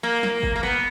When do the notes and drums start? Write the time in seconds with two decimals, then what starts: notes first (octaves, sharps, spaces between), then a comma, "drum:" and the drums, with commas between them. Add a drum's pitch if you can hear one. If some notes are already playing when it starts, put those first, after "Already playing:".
0.03 A#3
0.23 drum: snare
0.43 drum: kick
0.56 A#3
0.63 B3